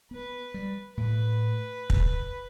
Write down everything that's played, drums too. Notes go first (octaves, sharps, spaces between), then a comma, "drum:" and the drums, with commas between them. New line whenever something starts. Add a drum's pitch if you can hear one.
B3 B4
G3
A2 B4
drum: kick